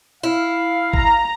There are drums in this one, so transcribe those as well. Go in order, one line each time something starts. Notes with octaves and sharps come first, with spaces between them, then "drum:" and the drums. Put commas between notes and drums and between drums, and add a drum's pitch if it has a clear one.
E4 F5
A#5, drum: kick G#1